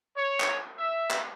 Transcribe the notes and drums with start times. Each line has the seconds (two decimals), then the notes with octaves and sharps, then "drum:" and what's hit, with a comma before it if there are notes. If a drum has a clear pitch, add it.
0.17 C#5
0.40 drum: clap
0.78 E5
1.10 drum: clap